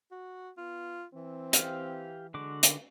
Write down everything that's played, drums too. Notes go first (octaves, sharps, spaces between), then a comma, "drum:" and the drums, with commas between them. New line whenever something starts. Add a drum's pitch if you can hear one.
F#4
B3 F4
E3 C4
G4 F5, drum: hi-hat
D3 G#3 F#4 D6
drum: hi-hat